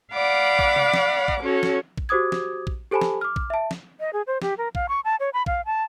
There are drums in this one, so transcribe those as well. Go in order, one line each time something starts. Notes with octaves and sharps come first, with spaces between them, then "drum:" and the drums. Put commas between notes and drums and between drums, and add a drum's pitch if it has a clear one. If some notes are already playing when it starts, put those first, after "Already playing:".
D5 F5 F#5 B5 D6
drum: kick
drum: tom C3
drum: snare
drum: kick
C#4 F#4 A4 C#5
drum: snare
drum: kick
F#4 G4 C5 D6 D#6 G#6
drum: snare
drum: kick
G4 A4 C5 G#5 A5 B5
drum: snare
D6 F6
drum: kick
E5 A5
drum: snare
D#5
G#4
C5
G4, drum: snare
A#4
F5, drum: kick
C#6
A5
C#5
B5
F5, drum: kick
A5